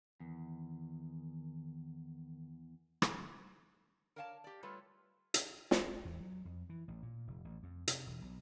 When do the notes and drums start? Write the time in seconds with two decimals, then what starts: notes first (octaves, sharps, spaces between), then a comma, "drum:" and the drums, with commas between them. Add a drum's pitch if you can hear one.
0.20 E2 D#3
3.02 drum: rim click
4.16 A#4 C#5 D5 F5 G#5 A5
4.44 G4 D5
4.63 G3 A3 F4 A4 B4 C#5
5.34 drum: hi-hat
5.71 drum: snare
6.05 E2
6.20 F#3
6.45 F2
6.69 E3
6.88 A1
7.02 A#2
7.27 F1
7.45 A1
7.63 F2
7.88 C3, drum: hi-hat
8.07 E1
8.22 B1